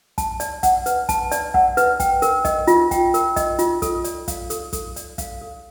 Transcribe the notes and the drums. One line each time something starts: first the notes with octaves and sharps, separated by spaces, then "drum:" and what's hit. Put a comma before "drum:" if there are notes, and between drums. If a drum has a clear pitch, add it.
A5, drum: kick, hi-hat
D5, drum: hi-hat
F#5, drum: kick, hi-hat
B4, drum: hi-hat
A5, drum: kick, hi-hat
D5, drum: hi-hat
F#5, drum: kick
B4, drum: hi-hat
G5, drum: kick, hi-hat
A#4, drum: hi-hat
D#5, drum: kick, hi-hat
F4, drum: hi-hat
G5, drum: kick, hi-hat
A#4, drum: hi-hat
D#5, drum: kick, hi-hat
F4, drum: hi-hat
A4, drum: kick, hi-hat
D5, drum: hi-hat
F5, drum: kick, hi-hat
A4, drum: hi-hat
A4, drum: kick, hi-hat
D5, drum: hi-hat
F5, drum: kick, hi-hat
A4